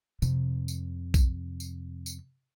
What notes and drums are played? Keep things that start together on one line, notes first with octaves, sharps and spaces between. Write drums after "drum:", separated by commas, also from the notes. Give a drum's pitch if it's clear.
F2 C3, drum: tambourine
drum: tambourine
drum: kick A#1, tambourine
drum: tambourine
drum: tambourine